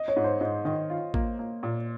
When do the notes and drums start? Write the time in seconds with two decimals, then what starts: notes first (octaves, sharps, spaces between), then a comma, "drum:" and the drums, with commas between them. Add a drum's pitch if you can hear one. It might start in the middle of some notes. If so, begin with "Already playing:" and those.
Already playing: D#5
0.08 C#5
0.16 G#2
0.24 C5
0.41 G#2 D#5
0.65 D#3 D#5
0.90 F4
1.14 A#3, drum: kick A1
1.39 A#3
1.63 A#2